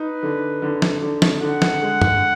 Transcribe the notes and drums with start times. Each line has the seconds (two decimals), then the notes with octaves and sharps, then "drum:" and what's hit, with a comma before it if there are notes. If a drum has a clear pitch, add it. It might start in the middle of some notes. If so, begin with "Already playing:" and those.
Already playing: D#4 B4
0.23 D3
0.62 D3
0.82 drum: snare
1.02 D3
1.22 drum: snare
1.41 D3 F#5
1.62 drum: snare
1.82 G#3
2.02 drum: tom G2